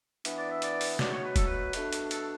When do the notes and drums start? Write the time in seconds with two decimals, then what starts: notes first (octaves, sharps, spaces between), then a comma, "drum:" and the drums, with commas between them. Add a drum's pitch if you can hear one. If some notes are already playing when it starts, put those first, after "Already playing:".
0.25 E3 B3 D4, drum: hi-hat
0.38 D5
0.50 E5
0.62 D5, drum: hi-hat
0.81 drum: open hi-hat
0.99 B2 F#3 A3 D5, drum: snare
1.11 C#5
1.24 B4
1.36 A4, drum: kick, hi-hat
1.47 B4
1.73 B2 A3 D4, drum: hi-hat
1.93 drum: hi-hat
2.11 A4, drum: hi-hat